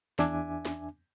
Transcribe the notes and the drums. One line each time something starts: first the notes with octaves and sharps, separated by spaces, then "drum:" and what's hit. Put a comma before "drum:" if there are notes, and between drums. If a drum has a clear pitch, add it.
E2 D4 E5 G#5 D6, drum: snare
drum: snare